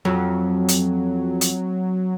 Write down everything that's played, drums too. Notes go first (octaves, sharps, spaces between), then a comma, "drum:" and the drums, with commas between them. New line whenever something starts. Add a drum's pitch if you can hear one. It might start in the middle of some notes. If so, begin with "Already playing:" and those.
F2 F#3
drum: hi-hat
drum: hi-hat